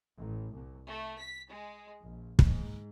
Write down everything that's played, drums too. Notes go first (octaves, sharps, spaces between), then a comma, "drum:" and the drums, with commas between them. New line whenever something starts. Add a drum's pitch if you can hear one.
A1
C2
A3
B6
G#3
A#1
G#2, drum: kick